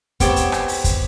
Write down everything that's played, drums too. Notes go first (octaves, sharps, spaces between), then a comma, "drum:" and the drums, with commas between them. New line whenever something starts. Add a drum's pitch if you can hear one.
B3 C4 G4 C#5 G5 A5, drum: kick, hi-hat
drum: hi-hat
drum: rim click
drum: open hi-hat
drum: kick, hi-hat